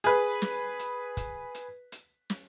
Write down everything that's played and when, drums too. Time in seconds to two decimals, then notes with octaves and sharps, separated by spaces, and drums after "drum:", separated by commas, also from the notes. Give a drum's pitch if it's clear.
0.04 G#4 B4, drum: hi-hat
0.42 drum: snare
0.79 drum: hi-hat
1.17 drum: kick, hi-hat
1.55 drum: hi-hat
1.92 drum: hi-hat
2.30 drum: snare